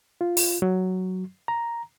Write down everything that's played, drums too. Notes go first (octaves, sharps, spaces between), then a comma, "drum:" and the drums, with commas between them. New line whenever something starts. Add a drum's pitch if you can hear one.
F4
drum: open hi-hat
F#3
A#5